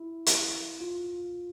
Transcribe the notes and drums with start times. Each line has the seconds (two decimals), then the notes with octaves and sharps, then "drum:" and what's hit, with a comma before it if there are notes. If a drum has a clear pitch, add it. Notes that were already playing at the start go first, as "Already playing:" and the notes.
Already playing: E4
0.26 drum: hi-hat
0.81 F4